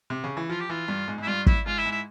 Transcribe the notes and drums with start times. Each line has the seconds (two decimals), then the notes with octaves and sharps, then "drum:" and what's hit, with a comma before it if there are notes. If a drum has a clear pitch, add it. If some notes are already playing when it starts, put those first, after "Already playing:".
0.10 C3
0.24 C#3
0.37 E3
0.49 F3 F4
0.60 G4
0.69 E3 F4
0.88 G2
1.08 G#2
1.18 G#2
1.22 E4
1.27 G2 F4
1.46 E4, drum: kick
1.66 G#2 F4
1.78 E4
1.85 G#2
1.92 E4